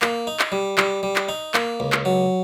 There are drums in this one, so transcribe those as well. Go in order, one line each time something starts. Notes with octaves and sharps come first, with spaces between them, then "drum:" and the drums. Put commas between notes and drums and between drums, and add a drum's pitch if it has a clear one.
A#3, drum: clap
D#4
drum: clap
G3
G3, drum: clap
G3
drum: clap
D#4
A#3, drum: clap
C#2
drum: clap
F#3